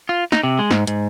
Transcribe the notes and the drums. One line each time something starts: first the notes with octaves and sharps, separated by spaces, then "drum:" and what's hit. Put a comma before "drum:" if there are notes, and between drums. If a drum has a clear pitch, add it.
F4
D#4, drum: snare
C3
G#3
G#2, drum: snare
G#2, drum: hi-hat